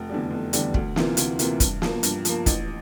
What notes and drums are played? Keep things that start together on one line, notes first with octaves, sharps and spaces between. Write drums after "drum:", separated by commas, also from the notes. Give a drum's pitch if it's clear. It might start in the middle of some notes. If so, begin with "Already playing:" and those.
Already playing: F1
E2 D3 G3
F1
E2 D3 G3, drum: hi-hat
D2, drum: kick
C3 E3 A#3 F4, drum: snare
D2, drum: hi-hat
C3 E3 A#3 F4, drum: hi-hat
G2, drum: kick, hi-hat
F3 A#3, drum: snare
G2, drum: hi-hat
F3 A#3, drum: hi-hat
A1, drum: kick, hi-hat